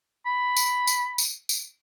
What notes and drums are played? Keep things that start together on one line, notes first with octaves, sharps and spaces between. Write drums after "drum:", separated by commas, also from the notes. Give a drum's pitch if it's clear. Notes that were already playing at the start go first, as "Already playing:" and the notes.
B5
drum: tambourine
drum: tambourine
drum: tambourine
drum: tambourine